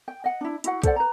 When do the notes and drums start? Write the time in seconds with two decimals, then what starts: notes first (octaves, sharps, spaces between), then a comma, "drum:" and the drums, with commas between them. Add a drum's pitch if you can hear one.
0.08 G5
0.24 D#5 F#5
0.41 D4 E4
0.64 E4 F#4 F#5, drum: hi-hat
0.83 A4 C5 D5 F#5, drum: kick, hi-hat
0.96 B4 A#5